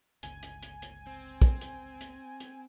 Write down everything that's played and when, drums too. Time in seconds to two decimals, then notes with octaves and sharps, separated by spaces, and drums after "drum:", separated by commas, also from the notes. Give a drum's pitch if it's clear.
0.23 G1 C#2 G#5, drum: hi-hat
0.43 drum: hi-hat
0.63 drum: hi-hat
0.82 drum: hi-hat
1.07 C4
1.42 drum: kick, hi-hat
1.61 drum: hi-hat
2.01 drum: hi-hat
2.40 drum: hi-hat